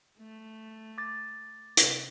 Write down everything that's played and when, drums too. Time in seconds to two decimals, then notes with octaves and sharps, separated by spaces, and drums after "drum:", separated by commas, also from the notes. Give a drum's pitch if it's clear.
0.19 A3
0.98 D6 A6
1.77 C3, drum: hi-hat